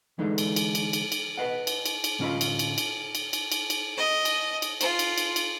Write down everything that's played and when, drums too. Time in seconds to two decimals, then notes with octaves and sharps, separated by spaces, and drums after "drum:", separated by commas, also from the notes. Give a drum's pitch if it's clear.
0.19 D3 E3 G#3 A3 D4 D#4
0.38 drum: cymbal
0.56 drum: cymbal
0.75 drum: cymbal
0.93 drum: cymbal
1.12 drum: cymbal
1.38 B4 D#5 F#5
1.67 drum: cymbal
1.86 drum: cymbal
2.04 drum: cymbal
2.19 A2 D3 C#4 F4 D#5 B5
2.41 drum: cymbal
2.59 drum: cymbal
2.78 drum: cymbal
3.15 drum: cymbal
3.33 drum: cymbal
3.52 drum: cymbal
3.70 drum: cymbal
3.97 D#5
4.25 drum: cymbal
4.62 drum: cymbal
4.81 F4, drum: cymbal
4.99 drum: cymbal
5.18 drum: cymbal
5.36 drum: cymbal